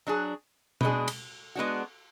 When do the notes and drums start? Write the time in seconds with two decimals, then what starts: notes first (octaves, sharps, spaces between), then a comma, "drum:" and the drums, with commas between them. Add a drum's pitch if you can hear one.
0.07 F#3 D4 G#4
0.81 B2 G#3 D4 G#4, drum: tom B2
1.08 drum: cymbal
1.55 G#3 B3 D4 F#4